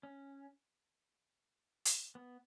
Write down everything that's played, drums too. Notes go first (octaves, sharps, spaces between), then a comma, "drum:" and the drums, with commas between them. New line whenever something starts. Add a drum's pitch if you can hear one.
C#4
drum: hi-hat
B3